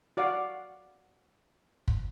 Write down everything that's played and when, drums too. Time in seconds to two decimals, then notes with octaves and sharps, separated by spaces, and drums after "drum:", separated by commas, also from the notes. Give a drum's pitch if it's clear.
0.17 F#4 D5 F5 F#5
1.88 drum: kick